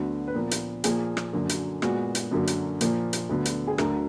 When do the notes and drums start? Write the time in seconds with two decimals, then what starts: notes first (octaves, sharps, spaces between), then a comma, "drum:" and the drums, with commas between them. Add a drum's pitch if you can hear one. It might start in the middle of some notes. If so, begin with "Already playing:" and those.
Already playing: D2 D3 F#3 B3 F#4
0.28 B4
0.35 A#2 F3 B3 A#4
0.51 drum: hi-hat
0.84 A#2 F3 A#3 G#4, drum: hi-hat
1.17 drum: rim click
1.33 F#2 D3 F#3 A#3
1.49 drum: hi-hat
1.82 A#2 G#3 B3 F#4, drum: rim click
2.15 drum: hi-hat
2.31 F#2 D3 F#3 A#3
2.47 drum: hi-hat
2.81 A#2 F3 A#3, drum: hi-hat
3.13 drum: hi-hat
3.29 D2 D3 F#3 B3
3.45 drum: hi-hat
3.67 G#4
3.78 D2 D3 F#3 A#4, drum: rim click